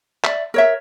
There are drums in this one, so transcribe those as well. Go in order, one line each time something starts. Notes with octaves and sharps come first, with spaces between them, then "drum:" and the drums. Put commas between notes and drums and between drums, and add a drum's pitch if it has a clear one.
D5 E5, drum: clap
A#4 C#5 E5